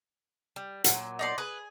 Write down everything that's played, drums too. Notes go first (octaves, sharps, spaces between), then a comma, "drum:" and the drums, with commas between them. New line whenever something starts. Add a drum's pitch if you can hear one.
G3
A#2 C#3 F#3, drum: hi-hat
D#4 D5 C6
G#4 B4